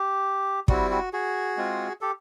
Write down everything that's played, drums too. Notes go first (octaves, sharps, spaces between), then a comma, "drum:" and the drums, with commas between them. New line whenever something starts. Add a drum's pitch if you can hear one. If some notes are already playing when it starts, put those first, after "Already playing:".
Already playing: G4
G3 C4 E4 F#4, drum: kick
F#4
F#4 G#4
G#3 C4 F4
G4 A4